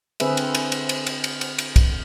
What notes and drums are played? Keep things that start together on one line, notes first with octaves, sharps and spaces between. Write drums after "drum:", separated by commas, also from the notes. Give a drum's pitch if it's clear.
D3 C4 G#4 B4 E5, drum: cymbal
drum: cymbal
drum: cymbal
drum: cymbal
drum: cymbal
drum: cymbal
drum: cymbal
drum: cymbal
drum: cymbal
drum: kick, cymbal